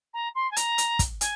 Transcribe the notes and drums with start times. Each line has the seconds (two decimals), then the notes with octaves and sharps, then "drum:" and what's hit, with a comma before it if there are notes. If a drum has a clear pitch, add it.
0.14 A#5
0.35 C6
0.51 G#5
0.57 A#5, drum: hi-hat
0.78 drum: hi-hat
0.99 drum: kick, hi-hat
1.21 G#5, drum: hi-hat